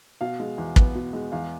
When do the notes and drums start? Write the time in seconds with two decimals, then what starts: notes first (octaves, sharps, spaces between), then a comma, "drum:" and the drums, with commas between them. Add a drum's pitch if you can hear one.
0.21 B2 F5
0.40 G#3
0.58 E2
0.76 B3, drum: kick
0.95 B2
1.13 G#3
1.32 E2 F5